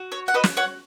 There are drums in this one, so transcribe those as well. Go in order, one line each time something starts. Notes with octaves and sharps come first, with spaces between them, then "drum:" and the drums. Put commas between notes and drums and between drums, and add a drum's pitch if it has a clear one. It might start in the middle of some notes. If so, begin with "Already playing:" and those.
Already playing: F#4
C#5
F#5
F#4 B4 D#5
drum: snare
C#5 F#5